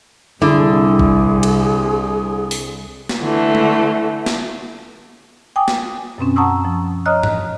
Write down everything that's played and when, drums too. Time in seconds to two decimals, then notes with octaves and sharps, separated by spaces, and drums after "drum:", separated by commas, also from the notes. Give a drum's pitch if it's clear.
0.42 C2 D3 E4 G#4
0.99 drum: kick A1
1.43 drum: cymbal
2.51 drum: open hi-hat
3.09 drum: snare
3.21 D3 E3 A3
3.55 drum: tom G#3
4.26 drum: snare
5.56 G5 G#5 D6 D#6
5.68 drum: snare
6.18 F#2 B2 C4 C#4
6.36 F#5 A5 A#5 C#6 D#6 E6
6.65 F3
7.06 C#5 D#5 A#5 D#6 F6 F#6
7.23 drum: tom G#2